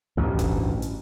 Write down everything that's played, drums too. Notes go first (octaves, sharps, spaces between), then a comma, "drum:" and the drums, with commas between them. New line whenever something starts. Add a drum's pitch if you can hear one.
A1 D2 G2
drum: kick F#1, hi-hat
drum: hi-hat